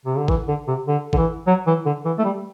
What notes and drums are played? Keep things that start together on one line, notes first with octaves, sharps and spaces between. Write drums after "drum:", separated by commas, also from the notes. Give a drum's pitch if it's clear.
C3
D3
E3, drum: kick G#1
D3
C3
D3
D3, drum: kick G#1
E3
F#3
E3
D3
E3
A3
G3